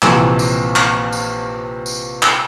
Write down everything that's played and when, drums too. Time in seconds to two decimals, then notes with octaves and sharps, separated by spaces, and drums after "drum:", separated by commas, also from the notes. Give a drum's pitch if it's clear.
0.02 A#1 C3 E3, drum: clap
0.39 drum: tambourine
0.76 drum: clap
1.12 drum: tambourine
1.86 drum: tambourine
2.22 drum: clap